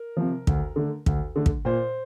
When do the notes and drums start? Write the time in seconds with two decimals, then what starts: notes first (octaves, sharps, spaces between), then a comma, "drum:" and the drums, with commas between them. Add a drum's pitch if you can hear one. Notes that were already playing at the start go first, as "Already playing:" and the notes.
Already playing: A#4
0.17 C3 F3
0.47 D2, drum: kick
0.76 D3 A3
1.06 D2, drum: kick
1.36 D3 A3
1.46 drum: kick
1.65 A#2 C5